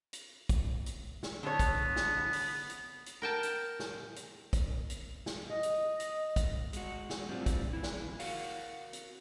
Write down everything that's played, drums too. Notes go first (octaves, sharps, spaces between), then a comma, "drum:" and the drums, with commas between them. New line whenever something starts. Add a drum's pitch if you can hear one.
drum: hi-hat
drum: kick, hi-hat
drum: hi-hat
drum: snare
D3 B3 C#5
drum: kick, hi-hat
drum: snare
drum: open hi-hat
drum: hi-hat
drum: hi-hat
A#4 G5 A5
drum: hi-hat
drum: snare
drum: hi-hat
drum: kick, hi-hat
drum: hi-hat
drum: snare
D#5
drum: hi-hat
drum: hi-hat
drum: kick, hi-hat
G#3 F#4, drum: hi-hat
drum: snare
A2 G3 C4 D4 F4
drum: kick, hi-hat
E3 E4
drum: snare
F#4 A#4 F5 F#5, drum: open hi-hat
drum: hi-hat